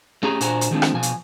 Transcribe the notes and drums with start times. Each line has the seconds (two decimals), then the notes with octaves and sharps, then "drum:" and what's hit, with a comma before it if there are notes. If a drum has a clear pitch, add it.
0.23 A3 C#4 G4 G#4 A#5
0.41 A#2 D4 F#4 C5 G#5 A#5, drum: hi-hat
0.61 drum: hi-hat
0.71 D#3 F3 G#3 A3 C4 D4
0.82 drum: rim click
0.93 B2 F3 G#5
1.03 drum: hi-hat